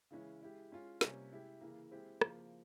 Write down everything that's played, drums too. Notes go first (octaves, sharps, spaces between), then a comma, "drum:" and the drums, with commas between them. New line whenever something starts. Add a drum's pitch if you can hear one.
C#3 E3 G#3 C#4 E4
G#3 E4 G4
G#3 C#4 F4
C3 G3 A#3 C#4, drum: snare
G#3 E4 G4
C#3 E3 A#3
G#3 C4 E4 G4
C#3 F3 A#3, drum: rim click